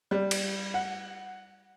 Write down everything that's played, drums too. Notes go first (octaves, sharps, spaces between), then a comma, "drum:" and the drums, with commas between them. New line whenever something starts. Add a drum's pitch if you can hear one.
G3
drum: cymbal
F#5